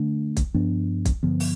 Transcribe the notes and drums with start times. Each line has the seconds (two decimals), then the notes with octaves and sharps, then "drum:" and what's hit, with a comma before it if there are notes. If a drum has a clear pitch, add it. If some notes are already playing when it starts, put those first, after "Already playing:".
Already playing: D3 A3 D4
0.37 drum: kick, hi-hat
0.54 G2 F3 B3 D4
1.05 drum: kick, hi-hat
1.23 G2 D3 F3 B3
1.40 drum: open hi-hat